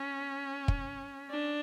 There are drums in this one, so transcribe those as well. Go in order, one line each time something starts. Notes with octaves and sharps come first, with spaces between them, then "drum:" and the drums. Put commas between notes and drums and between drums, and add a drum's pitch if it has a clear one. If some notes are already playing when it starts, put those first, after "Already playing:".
Already playing: C#4
drum: kick
D4